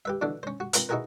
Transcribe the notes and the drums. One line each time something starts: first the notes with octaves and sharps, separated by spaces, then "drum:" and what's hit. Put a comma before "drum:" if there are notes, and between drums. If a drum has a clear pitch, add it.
G4 B4 E5
B2 D3 E3 D4
C#4 C5
F#4
C4 F4 A#4 B4, drum: hi-hat
D#4 E4 F#4 G#4 A#4 B4